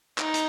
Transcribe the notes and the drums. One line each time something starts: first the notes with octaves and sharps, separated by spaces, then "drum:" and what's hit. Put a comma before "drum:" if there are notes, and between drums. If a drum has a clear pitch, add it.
D#4, drum: clap
drum: hi-hat